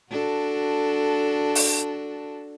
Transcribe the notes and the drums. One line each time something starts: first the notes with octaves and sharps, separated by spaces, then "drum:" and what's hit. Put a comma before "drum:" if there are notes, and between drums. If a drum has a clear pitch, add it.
D4 F#4 A4
drum: open hi-hat